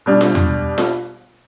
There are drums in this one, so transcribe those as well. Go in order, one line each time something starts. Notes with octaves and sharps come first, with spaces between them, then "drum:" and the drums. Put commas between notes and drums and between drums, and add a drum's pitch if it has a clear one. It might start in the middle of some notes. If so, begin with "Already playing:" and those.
B2 G3 D4
drum: snare F4
drum: tom E2
drum: snare F4